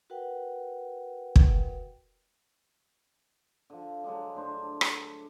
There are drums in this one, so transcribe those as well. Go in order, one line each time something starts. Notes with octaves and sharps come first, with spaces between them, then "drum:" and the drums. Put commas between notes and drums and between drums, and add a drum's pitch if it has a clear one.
F#4 A#4 B4 F#5 G5
drum: kick
D3 F3
D3 F#3 G#3 D4
A2 D4 C5
drum: rim click